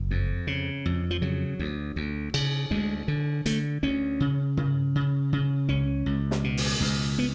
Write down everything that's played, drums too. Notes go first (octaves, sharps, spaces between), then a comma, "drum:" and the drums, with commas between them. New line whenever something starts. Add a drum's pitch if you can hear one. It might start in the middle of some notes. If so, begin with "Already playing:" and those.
Already playing: F#1
F2
C#3
F2
F3
C#3 F#3
D2
D2
C#3, drum: cymbal
D2 G#3
D3
D3 A3, drum: hi-hat
D2 C#4
C#3
C#3, drum: tom
C#3
C#3
C#2 C#4
C#2
drum: snare
B2
drum: open hi-hat
C#2
B3